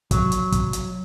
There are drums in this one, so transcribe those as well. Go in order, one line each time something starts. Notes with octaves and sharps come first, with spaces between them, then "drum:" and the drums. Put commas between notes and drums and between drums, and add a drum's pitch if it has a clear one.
F#3, drum: kick, hi-hat
drum: hi-hat
drum: kick, hi-hat
drum: hi-hat